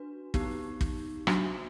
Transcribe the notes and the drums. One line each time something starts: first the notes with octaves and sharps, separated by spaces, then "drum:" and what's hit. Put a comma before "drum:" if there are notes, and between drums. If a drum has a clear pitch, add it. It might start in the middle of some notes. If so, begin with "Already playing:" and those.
Already playing: D4 F#4 B4
B3 D#4 G4, drum: kick
drum: kick
F#3 A#3 D4 F#4, drum: rim click